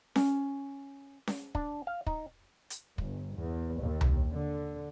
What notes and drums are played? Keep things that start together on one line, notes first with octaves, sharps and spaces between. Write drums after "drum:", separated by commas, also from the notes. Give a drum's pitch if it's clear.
C#4, drum: snare C#4
drum: snare C#4
D4, drum: kick
F5
D#4, drum: kick
drum: hi-hat
G1, drum: kick
E2
D#2
drum: tom C2
D3